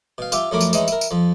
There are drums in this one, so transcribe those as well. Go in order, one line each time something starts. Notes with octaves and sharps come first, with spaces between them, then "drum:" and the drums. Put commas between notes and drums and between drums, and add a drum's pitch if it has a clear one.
B2 F5
F4 G4 E5, drum: tambourine
F2 F#3 A3 A#4 B5 D6
drum: tambourine
E3 G#3 C#4 D#4 E4, drum: tambourine
E4 A#4, drum: tambourine
drum: tambourine
F2 F3